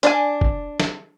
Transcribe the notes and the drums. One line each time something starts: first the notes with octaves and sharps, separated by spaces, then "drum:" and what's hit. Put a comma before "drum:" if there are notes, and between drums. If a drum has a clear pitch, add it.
D4 D5 G#5, drum: hi-hat
drum: kick F#1
drum: snare